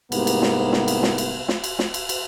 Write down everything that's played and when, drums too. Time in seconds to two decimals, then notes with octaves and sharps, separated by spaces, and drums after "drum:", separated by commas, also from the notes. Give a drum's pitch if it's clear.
0.12 C2 G#2 C3 A#3 B3, drum: cymbal
0.27 drum: cymbal
0.42 drum: snare
0.73 drum: snare
0.88 drum: cymbal
1.03 drum: snare
1.18 drum: cymbal
1.48 drum: snare
1.64 drum: cymbal
1.79 drum: snare
1.94 drum: cymbal
2.09 drum: cymbal